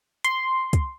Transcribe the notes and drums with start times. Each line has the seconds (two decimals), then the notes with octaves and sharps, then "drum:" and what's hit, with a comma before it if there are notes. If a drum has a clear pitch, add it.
0.24 C6, drum: hi-hat
0.73 drum: kick, hi-hat